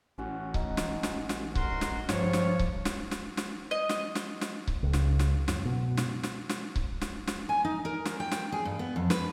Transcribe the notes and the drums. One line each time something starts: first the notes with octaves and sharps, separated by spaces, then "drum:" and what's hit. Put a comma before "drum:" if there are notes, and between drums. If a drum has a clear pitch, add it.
A1 C#4 F#4
D#4, drum: kick C#1
drum: snare
drum: snare
drum: snare
F#4 A#4 C6, drum: kick C#1
drum: snare
G2 F3 F4 C#5, drum: snare
drum: snare
drum: kick C#1
drum: snare
drum: snare
drum: snare
D#5
drum: snare
drum: snare
drum: snare
drum: kick C#1
C#2
drum: snare
drum: snare
F#2, drum: snare
B2
drum: snare
drum: snare
drum: snare
drum: kick C#1
drum: snare
drum: snare
G#5
D#4
A#4
drum: snare
G5
drum: snare
G#4
G2
B3
F2
B4, drum: snare